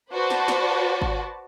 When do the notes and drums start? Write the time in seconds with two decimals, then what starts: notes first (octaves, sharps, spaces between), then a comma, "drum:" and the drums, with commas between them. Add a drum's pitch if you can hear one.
0.13 F#4 B4 C5 D5 A5
0.30 drum: snare
0.48 drum: snare
1.02 drum: kick G#1